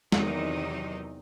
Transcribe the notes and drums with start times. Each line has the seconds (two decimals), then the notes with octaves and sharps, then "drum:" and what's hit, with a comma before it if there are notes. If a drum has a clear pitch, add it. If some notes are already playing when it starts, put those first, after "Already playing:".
0.12 E2 C3 D#3 F#3 D#4, drum: snare